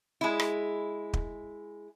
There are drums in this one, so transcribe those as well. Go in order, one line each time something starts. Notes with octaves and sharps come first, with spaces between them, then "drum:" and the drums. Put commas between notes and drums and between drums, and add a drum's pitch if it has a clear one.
G#3 E4
drum: rim click
drum: kick